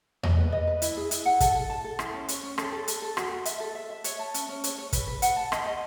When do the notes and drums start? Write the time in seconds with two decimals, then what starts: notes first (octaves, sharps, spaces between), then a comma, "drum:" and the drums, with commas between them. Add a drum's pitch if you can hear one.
0.23 D#5, drum: tom E2
0.38 B4
0.52 D#5
0.67 B4
0.82 E4, drum: hi-hat
0.97 G#4
1.11 E4, drum: hi-hat
1.25 F#5
1.40 A4, drum: kick, hi-hat
1.55 A4
1.70 A5
1.84 A4
1.99 E4, drum: rim click
2.14 C#4
2.28 C#5, drum: hi-hat
2.43 C#4
2.58 A4, drum: rim click
2.72 A4
2.88 A4, drum: hi-hat
3.02 A4
3.17 F#4, drum: rim click
3.32 F#4
3.45 E5, drum: hi-hat
3.60 A4
3.75 E5
3.90 E5
4.04 C#5, drum: hi-hat
4.19 A5
4.34 C#4, drum: hi-hat
4.49 C#4
4.64 C#5, drum: hi-hat
4.78 C#5
4.93 B4, drum: kick, hi-hat
5.07 B4
5.22 F#5, drum: hi-hat
5.36 A5
5.52 D#5, drum: rim click
5.66 D#5